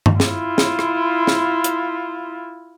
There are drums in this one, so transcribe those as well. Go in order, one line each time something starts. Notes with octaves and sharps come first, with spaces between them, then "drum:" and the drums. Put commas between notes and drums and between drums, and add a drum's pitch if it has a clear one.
drum: tom G2
E4 F4, drum: snare
drum: snare
drum: rim click
drum: snare
drum: hi-hat